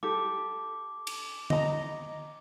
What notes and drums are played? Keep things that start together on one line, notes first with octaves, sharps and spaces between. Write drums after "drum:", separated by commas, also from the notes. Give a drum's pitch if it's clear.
G4 A4 D6
drum: cymbal
D#5 A#5, drum: tom D3